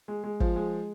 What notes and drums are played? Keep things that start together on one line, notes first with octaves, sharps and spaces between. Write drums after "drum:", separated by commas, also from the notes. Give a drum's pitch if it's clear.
G#3
G#3
F3, drum: kick
G#3